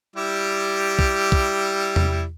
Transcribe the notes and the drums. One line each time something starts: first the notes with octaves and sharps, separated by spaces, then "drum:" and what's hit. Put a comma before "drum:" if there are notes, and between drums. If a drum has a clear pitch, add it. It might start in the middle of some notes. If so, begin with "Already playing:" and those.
G3 E4 G4
drum: kick
drum: kick
drum: tom E2